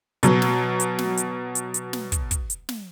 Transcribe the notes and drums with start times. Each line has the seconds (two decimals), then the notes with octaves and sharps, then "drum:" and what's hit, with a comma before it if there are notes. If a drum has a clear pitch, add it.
0.23 B2 F#3, drum: hi-hat
0.42 drum: snare
0.80 drum: hi-hat
0.98 drum: snare
1.17 drum: hi-hat
1.55 drum: hi-hat
1.74 drum: hi-hat
1.93 drum: snare
2.12 drum: kick, hi-hat
2.31 drum: kick, hi-hat
2.50 drum: hi-hat
2.69 drum: snare